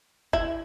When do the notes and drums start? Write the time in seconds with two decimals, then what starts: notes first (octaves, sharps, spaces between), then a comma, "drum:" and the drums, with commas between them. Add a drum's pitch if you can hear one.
0.33 E4, drum: kick